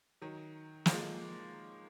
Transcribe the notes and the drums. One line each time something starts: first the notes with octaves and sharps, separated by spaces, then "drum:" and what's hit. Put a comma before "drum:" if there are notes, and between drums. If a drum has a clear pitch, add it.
D#3 F#3
A#3, drum: snare
F3 G#3